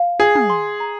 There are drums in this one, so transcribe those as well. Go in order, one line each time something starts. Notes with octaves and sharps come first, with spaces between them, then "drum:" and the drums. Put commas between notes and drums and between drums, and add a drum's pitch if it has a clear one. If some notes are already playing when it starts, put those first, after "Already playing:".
Already playing: F5
G#4 D#6
drum: tom
C6
A#5